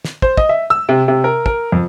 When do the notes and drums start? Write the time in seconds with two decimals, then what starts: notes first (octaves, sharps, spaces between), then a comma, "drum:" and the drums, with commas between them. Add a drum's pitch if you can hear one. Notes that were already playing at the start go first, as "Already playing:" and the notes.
0.05 drum: snare
0.22 C5, drum: kick
0.37 D#5, drum: kick
0.49 E5
0.70 E6
0.89 C3
1.08 C3
1.24 A#4
1.46 A#4, drum: kick
1.72 F2